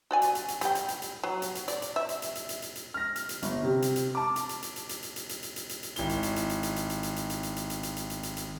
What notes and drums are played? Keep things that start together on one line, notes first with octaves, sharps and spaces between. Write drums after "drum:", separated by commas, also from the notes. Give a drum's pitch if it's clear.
F#4 D5 G#5
drum: hi-hat
drum: hi-hat
drum: hi-hat
G3 G5, drum: hi-hat
drum: hi-hat
drum: hi-hat
drum: hi-hat
F#3
drum: hi-hat
drum: hi-hat
D5, drum: hi-hat
drum: hi-hat
E5
drum: hi-hat
drum: hi-hat
drum: hi-hat
drum: hi-hat
drum: hi-hat
drum: hi-hat
F6 A#6
drum: hi-hat
drum: hi-hat
G1, drum: hi-hat
C3
drum: hi-hat
drum: hi-hat
A5 D6
drum: hi-hat
drum: hi-hat
drum: hi-hat
drum: hi-hat
drum: hi-hat
drum: hi-hat
drum: hi-hat
drum: hi-hat
drum: hi-hat
drum: hi-hat
drum: hi-hat
drum: hi-hat
G#1 E4 G7, drum: hi-hat
drum: hi-hat
drum: hi-hat
drum: hi-hat
drum: hi-hat
drum: hi-hat
drum: hi-hat
drum: hi-hat
drum: hi-hat
drum: hi-hat
drum: hi-hat
drum: hi-hat
drum: hi-hat
drum: hi-hat
drum: hi-hat
drum: hi-hat
drum: hi-hat
drum: hi-hat
drum: hi-hat